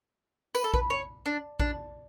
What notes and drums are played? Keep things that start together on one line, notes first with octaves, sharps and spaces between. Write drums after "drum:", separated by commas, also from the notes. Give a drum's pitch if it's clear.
B4, drum: tambourine
A4
B4, drum: kick A#1
C#5
D4
D4, drum: kick A#1